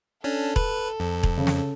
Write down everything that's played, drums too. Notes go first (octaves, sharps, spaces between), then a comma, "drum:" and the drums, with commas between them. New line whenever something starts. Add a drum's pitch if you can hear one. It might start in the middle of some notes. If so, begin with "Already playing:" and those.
C#4 D4 A4
B4, drum: kick E1
F2
drum: kick E1
C#3
drum: snare